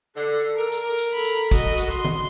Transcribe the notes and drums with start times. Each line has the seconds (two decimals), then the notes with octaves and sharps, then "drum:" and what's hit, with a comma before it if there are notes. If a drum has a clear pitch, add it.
0.16 D3 A4
0.56 A#4
0.72 drum: tambourine
0.98 drum: tambourine
1.13 A4 B5
1.25 drum: tambourine
1.51 F#4 D#5, drum: kick, tambourine
1.78 drum: tambourine
1.91 C6
2.05 drum: tom D#3